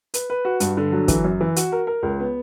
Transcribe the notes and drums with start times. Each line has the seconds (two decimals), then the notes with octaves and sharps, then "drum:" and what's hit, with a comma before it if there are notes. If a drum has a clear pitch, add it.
0.14 B4, drum: hi-hat
0.30 B4
0.45 F#4
0.60 G2, drum: hi-hat
0.77 D3
0.92 F#3
1.08 E3, drum: kick, hi-hat
1.24 F#2
1.41 E3
1.56 F#4, drum: hi-hat
1.72 A#4
1.87 A#4
2.03 C#2
2.20 B3